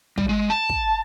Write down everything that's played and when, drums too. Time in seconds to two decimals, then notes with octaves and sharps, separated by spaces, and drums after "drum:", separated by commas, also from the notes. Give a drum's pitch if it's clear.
0.18 G3, drum: kick
0.29 G#3
0.50 A5
0.69 drum: kick